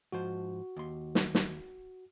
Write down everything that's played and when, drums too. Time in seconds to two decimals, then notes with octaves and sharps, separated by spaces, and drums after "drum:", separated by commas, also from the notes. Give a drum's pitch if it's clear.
0.12 G#2 F3 F#4 C5
0.77 D#2 C6
1.15 drum: snare
1.35 drum: snare